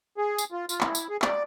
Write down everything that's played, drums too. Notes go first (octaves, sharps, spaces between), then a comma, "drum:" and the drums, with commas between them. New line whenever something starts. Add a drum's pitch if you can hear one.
G#4
drum: tambourine
F4
F4, drum: tambourine
E4, drum: clap
drum: tambourine
G#4
D5, drum: clap